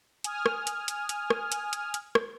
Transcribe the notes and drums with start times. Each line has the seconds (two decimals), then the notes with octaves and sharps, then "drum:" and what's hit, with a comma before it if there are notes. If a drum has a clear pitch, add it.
0.24 G#5 D#6 F6, drum: hi-hat
0.46 drum: rim click
0.67 drum: hi-hat
0.88 drum: hi-hat
1.09 drum: hi-hat
1.30 drum: rim click
1.52 drum: hi-hat
1.73 drum: hi-hat
1.94 drum: hi-hat
2.15 drum: rim click